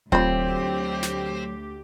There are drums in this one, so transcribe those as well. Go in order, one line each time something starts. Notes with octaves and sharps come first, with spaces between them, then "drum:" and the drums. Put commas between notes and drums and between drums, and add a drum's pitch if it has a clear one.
D2 F#3 A3 C4 F4 G4 B5, drum: kick D#1
drum: snare